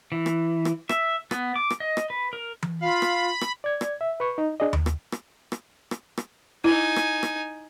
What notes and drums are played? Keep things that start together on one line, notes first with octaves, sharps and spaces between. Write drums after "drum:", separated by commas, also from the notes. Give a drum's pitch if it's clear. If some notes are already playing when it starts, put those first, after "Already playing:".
E3
drum: rim click
drum: rim click
E5, drum: rim click
B3, drum: rim click
D6
drum: rim click
D#5
drum: rim click
B4
A#4
drum: tom E3
F4 F5 B5
drum: rim click
drum: rim click
D5 G#6
drum: rim click
E5
B4 C#6
D#4
D4 G#4 D5 D#5
drum: tom D#2
drum: rim click
drum: rim click
drum: rim click
drum: rim click
drum: rim click
D#4 E4 G#5
drum: rim click
drum: rim click